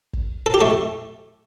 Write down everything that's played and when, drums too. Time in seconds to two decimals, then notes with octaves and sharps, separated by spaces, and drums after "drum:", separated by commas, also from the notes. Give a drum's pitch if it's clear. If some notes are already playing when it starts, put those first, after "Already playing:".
0.13 drum: kick
0.46 A4
0.54 G4
0.61 A3 A4